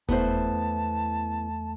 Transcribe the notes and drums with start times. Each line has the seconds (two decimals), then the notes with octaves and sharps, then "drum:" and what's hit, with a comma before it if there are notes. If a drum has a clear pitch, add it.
0.09 E2 A3 B3 E4 C5 A5, drum: kick F1